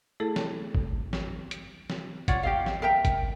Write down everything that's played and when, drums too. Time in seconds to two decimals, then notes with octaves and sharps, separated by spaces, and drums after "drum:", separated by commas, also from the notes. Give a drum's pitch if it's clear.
0.20 A3 E4 G#4 A4
0.36 drum: snare
0.75 drum: kick
1.13 drum: snare
1.51 drum: hi-hat
1.90 drum: snare
2.28 F4 C#5 D5 F#5, drum: kick, hi-hat
2.43 G4 D#5 F5
2.66 drum: snare
2.82 A#4 E5 G5 A#5
3.05 drum: kick, hi-hat